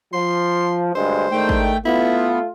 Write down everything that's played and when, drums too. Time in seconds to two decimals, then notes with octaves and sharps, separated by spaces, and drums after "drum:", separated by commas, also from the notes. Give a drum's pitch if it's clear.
0.13 F3 C6
0.95 D2 G2 G#3 C5
1.32 G#2 D#3 A3 D4 G5
1.49 drum: kick
1.85 A3 B3 E4 F4